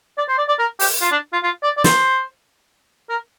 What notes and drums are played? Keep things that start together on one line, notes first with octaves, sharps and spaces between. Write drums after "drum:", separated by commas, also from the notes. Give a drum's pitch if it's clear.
D5
C5
D5
D5
A#4
G4, drum: open hi-hat
F4
D4
F4
F4
D5
D5
C5, drum: snare
A#4